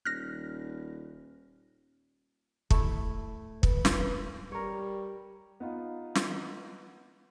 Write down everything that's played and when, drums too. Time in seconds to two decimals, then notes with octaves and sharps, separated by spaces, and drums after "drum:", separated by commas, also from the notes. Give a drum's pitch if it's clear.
0.05 D#1 F6 F#6 A#6
2.71 A3 E4, drum: kick
3.63 B4, drum: kick
3.85 drum: snare
4.52 G3 A#4 C#5
5.60 B3 D#4 F4
6.15 drum: snare